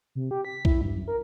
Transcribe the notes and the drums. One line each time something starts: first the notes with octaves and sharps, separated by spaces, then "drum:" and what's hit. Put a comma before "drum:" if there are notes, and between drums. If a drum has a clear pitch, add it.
C3
G4
B6
E4, drum: kick A#1
G2
F#2
A#4